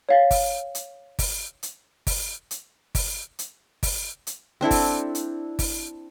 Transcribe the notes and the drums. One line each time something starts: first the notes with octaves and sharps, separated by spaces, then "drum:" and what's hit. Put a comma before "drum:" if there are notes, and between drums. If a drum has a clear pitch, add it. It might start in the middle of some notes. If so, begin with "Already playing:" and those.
C#5 F5 A6
drum: kick G1, open hi-hat
drum: hi-hat
drum: kick G1, open hi-hat
drum: hi-hat
drum: kick G1, open hi-hat
drum: hi-hat
drum: kick G1, open hi-hat
drum: hi-hat
drum: kick G1, open hi-hat
drum: hi-hat
C4 D4 E4 A4
drum: kick G1, open hi-hat
drum: hi-hat
drum: kick G1, open hi-hat